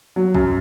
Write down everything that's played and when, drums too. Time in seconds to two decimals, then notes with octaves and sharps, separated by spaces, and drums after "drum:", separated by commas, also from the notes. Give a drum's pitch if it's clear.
0.16 F#3
0.34 F#2, drum: kick B1